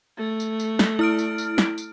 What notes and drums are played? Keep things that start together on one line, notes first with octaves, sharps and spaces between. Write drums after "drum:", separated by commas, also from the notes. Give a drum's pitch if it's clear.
A3
drum: tambourine
drum: tambourine
drum: snare
E4 F6 D7
drum: tambourine
drum: tambourine
drum: snare
drum: tambourine